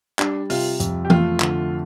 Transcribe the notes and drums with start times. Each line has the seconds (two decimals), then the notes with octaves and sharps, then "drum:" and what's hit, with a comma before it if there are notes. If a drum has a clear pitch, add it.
0.19 G3 D4, drum: clap
0.50 C3 F4, drum: open hi-hat
0.80 F2, drum: hi-hat
1.05 G4
1.10 A3 F4, drum: tom
1.40 D3, drum: clap